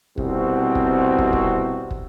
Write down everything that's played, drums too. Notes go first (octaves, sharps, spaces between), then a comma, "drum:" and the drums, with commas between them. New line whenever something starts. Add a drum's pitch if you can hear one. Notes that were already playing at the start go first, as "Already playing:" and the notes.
C2 B2 C4 F#4, drum: kick
drum: kick
drum: kick
drum: kick
drum: kick